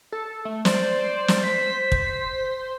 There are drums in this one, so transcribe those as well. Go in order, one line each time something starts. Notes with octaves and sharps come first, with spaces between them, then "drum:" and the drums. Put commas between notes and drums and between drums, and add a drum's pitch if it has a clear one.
A4
A3
C5 D5, drum: snare
drum: snare
B6
drum: kick